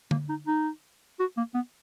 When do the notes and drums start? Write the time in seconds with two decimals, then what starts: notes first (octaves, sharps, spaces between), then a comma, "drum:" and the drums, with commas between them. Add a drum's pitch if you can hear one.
0.11 A#3, drum: tom
0.29 D#4
0.47 D#4
1.20 F#4
1.37 A#3
1.54 B3